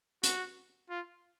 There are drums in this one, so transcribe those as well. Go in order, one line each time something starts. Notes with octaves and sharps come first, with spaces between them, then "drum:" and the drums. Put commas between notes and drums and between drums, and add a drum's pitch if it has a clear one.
F#4, drum: hi-hat
F4